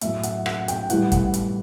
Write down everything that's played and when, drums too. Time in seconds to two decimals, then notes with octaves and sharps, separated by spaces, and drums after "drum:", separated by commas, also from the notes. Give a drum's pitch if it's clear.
0.01 A2 F#3 E5, drum: hi-hat
0.23 F#5, drum: hi-hat
0.46 F#5, drum: rim click
0.68 G5, drum: hi-hat
0.90 A2 E3 G3 F#5, drum: hi-hat
1.12 F#5, drum: kick, hi-hat
1.34 drum: hi-hat